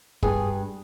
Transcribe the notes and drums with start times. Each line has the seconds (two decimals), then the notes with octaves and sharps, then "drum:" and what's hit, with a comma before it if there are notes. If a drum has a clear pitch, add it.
0.23 G2 G#4, drum: kick